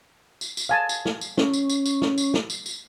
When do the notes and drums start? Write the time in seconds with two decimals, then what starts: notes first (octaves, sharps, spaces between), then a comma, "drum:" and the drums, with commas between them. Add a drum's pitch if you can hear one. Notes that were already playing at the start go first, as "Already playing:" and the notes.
0.41 drum: tambourine
0.57 drum: tambourine
0.69 F5 G#5 A5
0.89 drum: tambourine
1.05 drum: snare
1.21 drum: tambourine
1.37 C#4, drum: snare
1.53 drum: tambourine
1.70 drum: tambourine
1.86 drum: tambourine
2.02 drum: snare
2.18 drum: tambourine
2.34 drum: snare
2.50 drum: tambourine
2.66 drum: tambourine